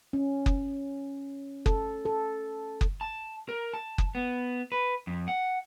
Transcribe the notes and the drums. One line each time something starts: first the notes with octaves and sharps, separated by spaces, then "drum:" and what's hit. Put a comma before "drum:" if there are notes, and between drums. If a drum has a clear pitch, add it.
C#4
drum: kick F#1
A4, drum: kick F#1
A4
drum: kick F#1
A5
A#4
A5
drum: kick F#1
B3
B4
F2
F#5